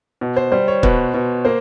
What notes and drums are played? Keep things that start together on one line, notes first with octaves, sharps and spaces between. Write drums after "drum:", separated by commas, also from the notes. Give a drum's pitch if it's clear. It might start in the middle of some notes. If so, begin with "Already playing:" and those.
B2
C5
G3 C5
C#5
B2 B4, drum: kick
B2
A#3 C5